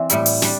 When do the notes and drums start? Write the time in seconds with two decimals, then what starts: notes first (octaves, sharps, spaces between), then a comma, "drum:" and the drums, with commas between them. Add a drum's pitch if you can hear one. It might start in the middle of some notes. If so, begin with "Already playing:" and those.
Already playing: E3 C4 D5
0.10 A2 G3 E4, drum: hi-hat
0.26 drum: open hi-hat
0.42 G3 D4, drum: snare